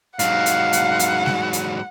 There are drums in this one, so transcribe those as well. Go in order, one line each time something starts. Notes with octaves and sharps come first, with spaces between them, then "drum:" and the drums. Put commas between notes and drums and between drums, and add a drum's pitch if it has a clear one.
G#2 F#3 F5 F#5, drum: hi-hat
drum: hi-hat
drum: hi-hat
drum: hi-hat
drum: snare G3
drum: hi-hat